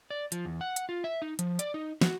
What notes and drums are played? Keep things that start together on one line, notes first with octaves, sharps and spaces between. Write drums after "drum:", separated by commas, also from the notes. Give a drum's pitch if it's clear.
D5
F3, drum: hi-hat
E2
F#5
drum: hi-hat
F4
E5
D#4
F3, drum: hi-hat
D5, drum: hi-hat
D#4
F#4, drum: snare